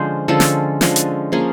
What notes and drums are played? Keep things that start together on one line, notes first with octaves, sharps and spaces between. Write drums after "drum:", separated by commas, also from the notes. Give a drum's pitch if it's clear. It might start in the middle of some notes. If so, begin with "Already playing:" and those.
Already playing: D3 F3 G#3 C#4 C5
D3 F3 G#3 C#4 A4
drum: snare
D3 F3 G#3 C#4, drum: snare
drum: hi-hat
F3 A#3 C#4 G#4